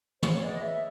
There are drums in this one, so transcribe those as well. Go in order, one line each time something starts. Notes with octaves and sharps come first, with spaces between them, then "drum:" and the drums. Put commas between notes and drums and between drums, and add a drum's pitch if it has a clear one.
C#3 C5, drum: tom
C#5
E3 G#3 B3 D5
D#5
C#3 E5